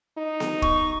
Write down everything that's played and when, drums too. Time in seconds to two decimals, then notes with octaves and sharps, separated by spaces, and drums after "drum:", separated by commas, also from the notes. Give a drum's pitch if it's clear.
0.17 D#4
0.40 drum: snare B3
0.62 C#6, drum: kick